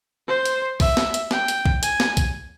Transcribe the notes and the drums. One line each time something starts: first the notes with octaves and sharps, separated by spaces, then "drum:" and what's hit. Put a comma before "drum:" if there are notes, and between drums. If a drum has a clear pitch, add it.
C5
drum: hi-hat
E5, drum: kick, open hi-hat
drum: snare
drum: hi-hat
G5, drum: snare
drum: hi-hat
drum: kick
G#5, drum: hi-hat
drum: snare
drum: kick, hi-hat